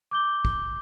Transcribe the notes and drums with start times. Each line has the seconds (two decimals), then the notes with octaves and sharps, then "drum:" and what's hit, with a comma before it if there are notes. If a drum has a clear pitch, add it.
0.11 D6 G6 G7
0.45 drum: kick